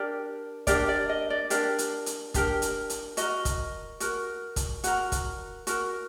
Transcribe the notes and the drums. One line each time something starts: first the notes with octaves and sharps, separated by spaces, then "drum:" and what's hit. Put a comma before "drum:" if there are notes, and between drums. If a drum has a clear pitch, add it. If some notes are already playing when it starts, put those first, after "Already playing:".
Already playing: D4 G4 A#4 D5
D4 G4 A#4 D5, drum: kick, hi-hat
D5
D#5
D5
D4 G4 A#4 D5, drum: hi-hat
drum: hi-hat
drum: hi-hat
D4 G4 A#4, drum: kick, hi-hat
drum: hi-hat
drum: hi-hat
F#4 A#4 D#5, drum: hi-hat
drum: kick, hi-hat
F#4 A#4, drum: hi-hat
drum: kick, hi-hat
F#4 A#4, drum: hi-hat
drum: kick, hi-hat
F#4 A#4, drum: hi-hat